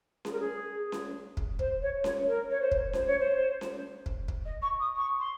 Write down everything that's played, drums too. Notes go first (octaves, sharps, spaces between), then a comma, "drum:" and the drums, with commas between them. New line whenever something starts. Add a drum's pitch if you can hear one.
G#4, drum: snare C#4
A#4
G#4
drum: snare C#4
drum: kick
C5, drum: kick
C#5
C#5, drum: snare C#4
A#4
C#5
C5
drum: kick
C5, drum: snare C#4
C#5
C5
drum: snare C#4
drum: kick
drum: kick
D#5
C#6
D#6
C#6
C6